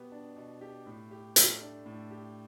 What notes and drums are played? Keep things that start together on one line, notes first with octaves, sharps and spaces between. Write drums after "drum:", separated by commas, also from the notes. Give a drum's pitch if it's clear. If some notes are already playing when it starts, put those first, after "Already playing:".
Already playing: B2 B3 G4
D4
B2
G4
A2
G4
A3, drum: hi-hat
D4
A2
G4